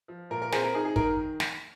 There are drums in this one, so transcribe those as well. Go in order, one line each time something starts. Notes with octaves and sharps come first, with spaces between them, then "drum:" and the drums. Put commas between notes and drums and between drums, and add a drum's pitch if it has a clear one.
F3
A#2 A#4
A#4
C4 G#4 C5, drum: snare
A#4
D#4 G#4
G#4
D#3 A#4, drum: kick
drum: snare